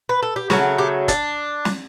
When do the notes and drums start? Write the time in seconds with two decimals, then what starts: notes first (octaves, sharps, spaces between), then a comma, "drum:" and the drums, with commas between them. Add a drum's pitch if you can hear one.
0.09 B4
0.22 A4
0.36 G4
0.50 C#3 F#3 A3 F#4, drum: snare
0.78 G4
1.08 D4, drum: kick, hi-hat
1.65 drum: snare